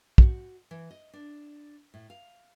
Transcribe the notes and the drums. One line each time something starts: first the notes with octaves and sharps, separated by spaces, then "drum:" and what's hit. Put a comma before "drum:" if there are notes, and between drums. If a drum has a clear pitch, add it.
F#4, drum: kick
E3
D#5
D4
A2
F5